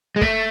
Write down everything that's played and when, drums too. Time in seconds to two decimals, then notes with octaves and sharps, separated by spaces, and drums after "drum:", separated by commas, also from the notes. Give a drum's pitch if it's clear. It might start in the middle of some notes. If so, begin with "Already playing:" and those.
0.16 G#3
0.21 A3, drum: kick